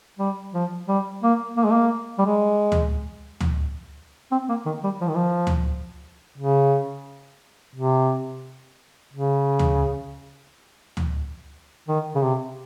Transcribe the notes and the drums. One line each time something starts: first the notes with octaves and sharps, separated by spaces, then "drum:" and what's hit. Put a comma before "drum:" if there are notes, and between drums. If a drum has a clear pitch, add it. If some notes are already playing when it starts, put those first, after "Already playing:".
G3
F3
G3
A#3
A#3
G#3
A#3
G3
G#3
drum: tom D2
drum: tom D2
C4
A#3
D#3
G3
F3
D#3
F3
drum: tom D2
C#3
C3
C#3
drum: tom D2
drum: tom D2
D#3
C#3
C3